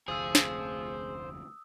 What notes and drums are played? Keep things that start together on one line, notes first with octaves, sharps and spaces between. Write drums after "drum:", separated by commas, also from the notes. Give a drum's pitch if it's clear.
F1 D2 G#4 C5 F5 D#6 E6
drum: snare